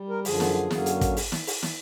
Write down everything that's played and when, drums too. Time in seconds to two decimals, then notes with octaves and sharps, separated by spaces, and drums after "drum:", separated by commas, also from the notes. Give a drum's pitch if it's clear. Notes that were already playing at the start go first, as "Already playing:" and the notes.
Already playing: G3
0.09 A#4
0.25 F#2 D3 F3 G#4, drum: open hi-hat
0.40 drum: snare
0.71 F#2 D3 F#3 A#3 C#4, drum: snare
0.86 drum: hi-hat
1.01 drum: kick, hi-hat
1.17 drum: open hi-hat
1.32 drum: snare
1.47 drum: open hi-hat
1.63 drum: snare